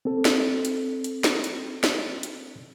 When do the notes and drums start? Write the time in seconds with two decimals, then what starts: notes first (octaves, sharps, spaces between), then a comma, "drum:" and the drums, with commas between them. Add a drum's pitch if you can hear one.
0.05 C4 A4
0.25 drum: snare
0.65 drum: hi-hat
1.04 drum: hi-hat
1.24 drum: snare
1.44 drum: hi-hat
1.84 drum: snare
2.23 drum: hi-hat